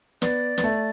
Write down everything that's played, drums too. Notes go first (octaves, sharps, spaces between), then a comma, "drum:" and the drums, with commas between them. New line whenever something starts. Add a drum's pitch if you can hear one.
B3 D5, drum: snare
B3, drum: snare
A3